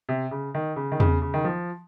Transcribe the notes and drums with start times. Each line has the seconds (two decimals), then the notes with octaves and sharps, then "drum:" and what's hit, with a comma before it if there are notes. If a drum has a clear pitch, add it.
0.09 C3
0.31 C#3
0.55 D#3
0.76 C#3
0.92 D#3
1.00 C#3, drum: tom E2
1.22 C#3
1.34 D#3
1.44 F3